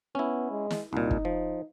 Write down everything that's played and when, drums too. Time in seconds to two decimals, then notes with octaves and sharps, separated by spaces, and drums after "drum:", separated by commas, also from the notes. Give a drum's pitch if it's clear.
0.15 B3 C#4 E4
0.50 G#3
0.71 drum: snare
0.93 C2 A#2 D#4
1.11 drum: kick
1.25 F3